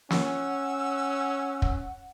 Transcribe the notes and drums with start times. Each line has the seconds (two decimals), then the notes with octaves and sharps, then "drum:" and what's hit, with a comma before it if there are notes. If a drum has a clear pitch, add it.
0.10 C#4 F#5 E6, drum: snare
1.62 drum: kick